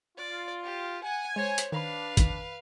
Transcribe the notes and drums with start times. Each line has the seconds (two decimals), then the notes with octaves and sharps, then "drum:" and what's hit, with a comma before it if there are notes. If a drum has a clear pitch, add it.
0.17 F4 D5
0.63 G4
1.03 F#5 G#5
1.36 G#3 C5 C#5 G#6
1.58 drum: hi-hat
1.72 D#3 D4 B4 F5 A#5 B5
2.17 F2 D#3 B6, drum: kick, hi-hat